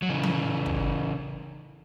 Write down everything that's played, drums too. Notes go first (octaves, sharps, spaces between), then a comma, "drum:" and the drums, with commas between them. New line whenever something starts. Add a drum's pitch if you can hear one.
F#3
C#3 E3
drum: tom E3
drum: kick